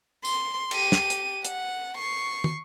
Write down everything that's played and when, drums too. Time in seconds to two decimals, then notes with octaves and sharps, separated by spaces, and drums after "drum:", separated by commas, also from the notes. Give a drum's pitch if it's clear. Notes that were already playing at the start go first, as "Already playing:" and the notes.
0.25 C6, drum: tambourine
0.71 G4 D#7, drum: cymbal
0.92 drum: snare
1.10 drum: hi-hat
1.45 F#5, drum: hi-hat
1.97 C#6 C7
2.44 drum: tom